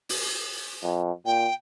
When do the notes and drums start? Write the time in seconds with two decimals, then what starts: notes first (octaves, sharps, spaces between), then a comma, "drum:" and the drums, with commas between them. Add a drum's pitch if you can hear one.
0.09 drum: open hi-hat
0.82 F2
1.26 A#2 G5